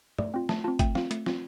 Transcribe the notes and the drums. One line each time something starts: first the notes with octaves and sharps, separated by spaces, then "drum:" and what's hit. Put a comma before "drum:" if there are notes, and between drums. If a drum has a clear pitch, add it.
A3 D5, drum: tom
C4 F4 G5
A3 A5, drum: snare
C4 F4 A5
A3 G5, drum: kick G#1, hi-hat
C4 F4 F5, drum: snare
A3, drum: hi-hat
C4 F4, drum: snare